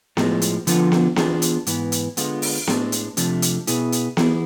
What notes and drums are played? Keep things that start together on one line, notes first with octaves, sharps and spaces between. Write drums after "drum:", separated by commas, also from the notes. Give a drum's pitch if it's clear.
A2 F3 G#3, drum: snare B3
drum: hi-hat
D3 F3 B3 F4, drum: hi-hat
drum: snare B3
E3 B3 D4 F4 G#4, drum: snare B3
drum: hi-hat
G#2 E3 B3, drum: hi-hat
drum: hi-hat
D3 G#3 B3 F4, drum: hi-hat
drum: open hi-hat
A2 G#3 D4, drum: snare B3
drum: hi-hat
F2 C3 F3 A3 D4, drum: hi-hat
drum: hi-hat
B2 B3 E4 G#4, drum: hi-hat
drum: hi-hat
E3 B3 E4 G#4, drum: snare B3